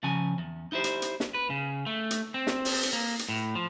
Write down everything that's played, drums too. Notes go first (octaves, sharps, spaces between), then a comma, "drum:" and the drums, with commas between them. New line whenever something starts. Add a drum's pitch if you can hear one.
C#3 F3 C#4 G#5
E2
D#4 E4 G4 C5
drum: hi-hat
drum: hi-hat
drum: snare
B4
C#3
A3
drum: hi-hat
C4
drum: snare
drum: open hi-hat
drum: hi-hat
A#3
drum: hi-hat
A2
F3